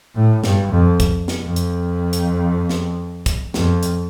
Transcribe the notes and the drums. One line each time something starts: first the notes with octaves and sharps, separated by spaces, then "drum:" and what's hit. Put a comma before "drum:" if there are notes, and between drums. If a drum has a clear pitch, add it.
A2
G2, drum: snare
F2
drum: kick, hi-hat
drum: snare
F2
drum: hi-hat
drum: hi-hat
drum: snare
drum: kick, hi-hat
F2, drum: snare
drum: hi-hat